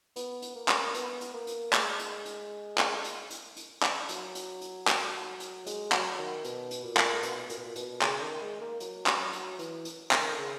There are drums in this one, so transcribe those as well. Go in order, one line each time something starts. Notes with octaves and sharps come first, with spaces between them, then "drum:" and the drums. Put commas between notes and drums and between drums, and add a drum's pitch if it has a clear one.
B3, drum: hi-hat
drum: hi-hat
A#3
drum: clap
B3, drum: hi-hat
drum: hi-hat
A#3
drum: hi-hat
G#3, drum: clap
drum: hi-hat
drum: hi-hat
drum: clap
drum: hi-hat
drum: hi-hat
drum: hi-hat
drum: clap
F#3, drum: hi-hat
drum: hi-hat
drum: hi-hat
drum: clap
drum: hi-hat
G#3, drum: hi-hat
F#3, drum: clap
D#3
B2, drum: hi-hat
drum: hi-hat
A#2
drum: clap
B2, drum: hi-hat
A#2, drum: hi-hat
B2
A#2
B2, drum: hi-hat
C#3, drum: clap
D#3
G#3
A#3
F#3, drum: hi-hat
drum: clap
F#3
drum: hi-hat
E3, drum: hi-hat
drum: hi-hat
D#3, drum: clap
C#3